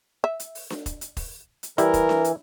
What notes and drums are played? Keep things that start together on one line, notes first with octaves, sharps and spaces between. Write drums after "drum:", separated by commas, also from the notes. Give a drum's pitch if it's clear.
E5
drum: hi-hat
drum: open hi-hat
drum: snare D4
drum: kick, hi-hat
drum: hi-hat
drum: kick, open hi-hat
drum: hi-hat
E3 G3 E4 A#4, drum: hi-hat
drum: kick, hi-hat
drum: snare D4
drum: hi-hat